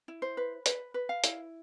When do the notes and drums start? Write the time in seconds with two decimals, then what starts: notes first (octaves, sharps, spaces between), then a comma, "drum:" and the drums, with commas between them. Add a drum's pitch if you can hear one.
0.08 E4
0.22 C5
0.37 B4
0.66 B4, drum: hi-hat
0.94 B4
1.09 F5
1.24 E4, drum: hi-hat